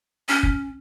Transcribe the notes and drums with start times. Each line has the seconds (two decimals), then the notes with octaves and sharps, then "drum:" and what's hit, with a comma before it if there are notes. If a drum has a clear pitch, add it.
0.29 C#4
0.43 drum: kick